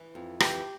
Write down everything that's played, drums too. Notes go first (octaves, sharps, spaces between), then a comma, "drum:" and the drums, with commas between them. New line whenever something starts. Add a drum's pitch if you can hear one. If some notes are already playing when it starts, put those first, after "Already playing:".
Already playing: E3
F2
E3 G4, drum: rim click